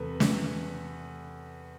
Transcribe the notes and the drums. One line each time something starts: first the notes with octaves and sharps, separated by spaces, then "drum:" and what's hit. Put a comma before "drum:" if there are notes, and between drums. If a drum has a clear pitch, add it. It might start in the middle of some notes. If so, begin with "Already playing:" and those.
Already playing: E2 C3 A3 A4 B4
drum: snare